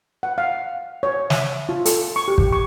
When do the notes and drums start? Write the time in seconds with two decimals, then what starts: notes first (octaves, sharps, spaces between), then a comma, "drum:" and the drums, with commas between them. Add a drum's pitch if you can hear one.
0.23 F#5
0.38 F5
1.03 C#5
1.30 E5, drum: snare
1.69 F4
1.85 A4, drum: hi-hat
2.16 C#6
2.28 G4
2.38 drum: kick
2.53 C#6